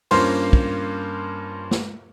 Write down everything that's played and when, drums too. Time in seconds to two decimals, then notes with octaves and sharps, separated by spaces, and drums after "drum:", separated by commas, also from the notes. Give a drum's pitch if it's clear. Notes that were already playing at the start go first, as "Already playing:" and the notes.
0.11 G2 A#3 C#4 F4 C5 C6, drum: open hi-hat
0.53 drum: kick
1.71 drum: snare